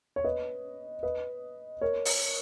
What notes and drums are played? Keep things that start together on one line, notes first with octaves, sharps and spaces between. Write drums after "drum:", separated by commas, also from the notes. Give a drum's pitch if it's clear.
C#5
B4 D#5
B4 D#5
A#4 C#5
drum: open hi-hat